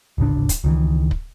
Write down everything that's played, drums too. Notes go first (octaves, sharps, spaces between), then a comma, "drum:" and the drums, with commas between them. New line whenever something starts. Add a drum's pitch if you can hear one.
D1 G#1 C#3 D4
drum: kick, hi-hat
C#2 D#3 E3
drum: kick